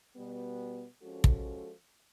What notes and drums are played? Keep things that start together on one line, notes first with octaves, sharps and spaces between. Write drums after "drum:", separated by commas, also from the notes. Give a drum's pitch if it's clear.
B2 G3 B3
F3 G#3 C#4 F#4 A4
drum: kick